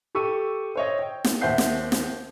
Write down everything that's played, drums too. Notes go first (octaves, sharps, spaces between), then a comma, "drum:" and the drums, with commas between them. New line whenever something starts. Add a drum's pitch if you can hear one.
G4 A4 C#6 E6 D#7
C5 C#5 D#5
G5
drum: snare
D#2 C5 E5 F#5 G6 C7
drum: snare
drum: snare